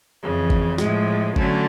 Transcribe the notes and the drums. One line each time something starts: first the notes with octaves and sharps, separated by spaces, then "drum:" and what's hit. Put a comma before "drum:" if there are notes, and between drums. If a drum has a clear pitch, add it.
F2 C#3 E3
drum: kick G1
A2 F3 G#3, drum: snare
D3 F#3 A3 C#4, drum: kick G1